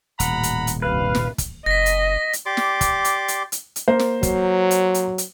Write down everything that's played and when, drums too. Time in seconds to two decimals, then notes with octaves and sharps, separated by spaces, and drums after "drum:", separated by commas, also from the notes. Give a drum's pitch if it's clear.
0.20 D#1 A1 F#5 A#5 B5, drum: hi-hat
0.43 drum: hi-hat
0.67 drum: hi-hat
0.82 C2 G2 A#2 B4 F5
1.15 drum: snare
1.38 drum: kick, hi-hat
1.66 F#1 D#5 A#6 B6
1.86 drum: hi-hat
2.33 drum: hi-hat
2.46 G4 D5 C6 D6
2.57 drum: snare
2.81 drum: kick, hi-hat
3.05 drum: hi-hat
3.28 drum: hi-hat
3.52 drum: hi-hat
3.76 drum: hi-hat
3.88 A#3 C5
3.99 drum: snare
4.23 F#3, drum: kick, hi-hat
4.71 drum: hi-hat
4.94 drum: hi-hat
5.18 drum: hi-hat